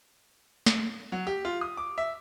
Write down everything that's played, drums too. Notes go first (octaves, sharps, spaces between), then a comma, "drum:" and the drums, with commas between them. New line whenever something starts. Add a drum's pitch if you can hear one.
drum: snare
F#3
G4
F4
D#6
D6
E5